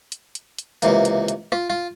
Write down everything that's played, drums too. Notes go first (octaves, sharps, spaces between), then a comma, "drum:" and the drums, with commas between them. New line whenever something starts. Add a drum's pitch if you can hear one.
drum: hi-hat
drum: hi-hat
drum: hi-hat
C#2 C3 E3 A#3, drum: hi-hat
drum: hi-hat
drum: hi-hat
F4, drum: rim click
F4